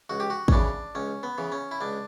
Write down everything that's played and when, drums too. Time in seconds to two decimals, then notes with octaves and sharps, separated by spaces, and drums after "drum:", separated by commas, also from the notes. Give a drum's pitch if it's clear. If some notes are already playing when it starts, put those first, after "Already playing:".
0.10 C#2 F#4
0.20 G4
0.30 F#4
0.48 C#4, drum: kick
0.52 C#3 E3 D4
0.95 C#2 C#4
1.23 B3
1.38 C#3 E3
1.52 C#4
1.71 E4
1.81 C#2 D4